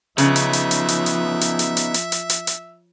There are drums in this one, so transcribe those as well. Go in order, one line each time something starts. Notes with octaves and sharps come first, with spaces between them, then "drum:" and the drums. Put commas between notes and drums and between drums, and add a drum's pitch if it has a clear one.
C#3 F3 B3 D#4 E5, drum: hi-hat
drum: hi-hat
drum: hi-hat
drum: hi-hat
drum: hi-hat
drum: hi-hat
drum: hi-hat
drum: hi-hat
drum: hi-hat
drum: hi-hat
drum: hi-hat
drum: hi-hat
drum: hi-hat